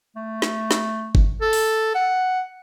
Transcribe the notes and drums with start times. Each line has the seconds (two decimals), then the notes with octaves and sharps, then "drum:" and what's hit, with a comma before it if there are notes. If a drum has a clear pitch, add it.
0.16 A3
0.42 drum: snare
0.71 drum: snare
1.15 drum: kick G1
1.42 A4
1.53 drum: open hi-hat
1.95 F#5